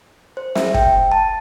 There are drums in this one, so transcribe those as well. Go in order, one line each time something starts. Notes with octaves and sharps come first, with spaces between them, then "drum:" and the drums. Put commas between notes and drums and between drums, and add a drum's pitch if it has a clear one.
C5
E5, drum: snare
G5, drum: kick
A5